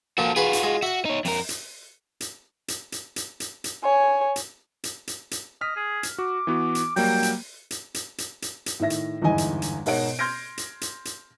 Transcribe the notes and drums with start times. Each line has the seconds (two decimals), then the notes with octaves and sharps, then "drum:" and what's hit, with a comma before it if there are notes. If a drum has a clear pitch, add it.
0.18 A#2 F3 F#4 A4
0.36 F4 F#4 G#4 B4 G#5
0.53 drum: hi-hat
0.63 G#3
0.82 F#4 E5 F#5
1.05 D#4 C#5
1.25 F2 A#4, drum: open hi-hat
1.49 drum: hi-hat
2.20 drum: hi-hat
2.68 drum: hi-hat
2.92 drum: hi-hat
3.16 drum: hi-hat
3.40 drum: hi-hat
3.64 drum: hi-hat
3.83 C#5 G#5
4.36 drum: hi-hat
4.84 drum: hi-hat
5.07 drum: hi-hat
5.31 drum: hi-hat
5.61 D#5 F6 B6
5.76 G#4
6.03 drum: hi-hat
6.18 F#4 D6
6.47 E3 B3 F#4
6.75 drum: hi-hat
6.96 F#3 G3 A#3 G5, drum: open hi-hat
7.23 drum: hi-hat
7.71 drum: hi-hat
7.94 drum: hi-hat
8.18 drum: hi-hat
8.42 drum: hi-hat
8.66 drum: hi-hat
8.80 A2 D#3 E5 A#6
8.90 drum: hi-hat
9.22 G1 E2 G#2 E4 D#5 G#5
9.38 drum: hi-hat
9.62 drum: hi-hat
9.86 G#2 B2 A#4 C#5 F#5 D7, drum: open hi-hat
10.19 C6 F6 G6 G#6 A#6 D7
10.58 drum: hi-hat
10.81 drum: hi-hat
11.05 drum: hi-hat